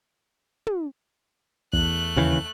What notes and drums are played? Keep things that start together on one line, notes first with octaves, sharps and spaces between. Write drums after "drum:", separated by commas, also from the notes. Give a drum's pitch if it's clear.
drum: tom
E2 A3 F#6, drum: kick
D#2 C#3 E3